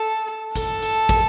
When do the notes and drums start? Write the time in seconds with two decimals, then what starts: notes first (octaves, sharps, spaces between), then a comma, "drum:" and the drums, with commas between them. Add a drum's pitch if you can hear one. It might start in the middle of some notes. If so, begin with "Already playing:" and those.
Already playing: A4
0.56 A4, drum: kick, hi-hat
0.82 drum: hi-hat
1.09 drum: kick, hi-hat